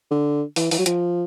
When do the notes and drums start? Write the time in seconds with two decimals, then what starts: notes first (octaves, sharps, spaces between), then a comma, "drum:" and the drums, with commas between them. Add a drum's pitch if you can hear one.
0.11 D3
0.56 E3, drum: open hi-hat
0.71 E3, drum: open hi-hat
0.79 F#3
0.86 F3, drum: hi-hat